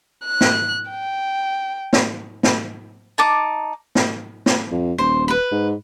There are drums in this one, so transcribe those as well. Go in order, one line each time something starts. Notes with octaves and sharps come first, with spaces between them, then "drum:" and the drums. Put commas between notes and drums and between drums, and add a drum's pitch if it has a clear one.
F#6
drum: snare
G5
drum: snare
drum: snare
D#4 A5 D6
drum: snare
drum: snare
F2
D#1 C5
B4 B5
G#2